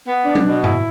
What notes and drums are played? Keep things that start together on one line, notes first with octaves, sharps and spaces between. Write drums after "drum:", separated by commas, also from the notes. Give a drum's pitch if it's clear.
B3
D4
drum: tom F#3
B2
E4, drum: tom G2